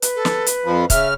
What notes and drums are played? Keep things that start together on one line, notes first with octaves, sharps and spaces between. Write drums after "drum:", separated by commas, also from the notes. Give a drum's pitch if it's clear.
B4, drum: hi-hat
A4
drum: snare
drum: hi-hat
F2 F3 B5
C#3 E5 F6, drum: kick, hi-hat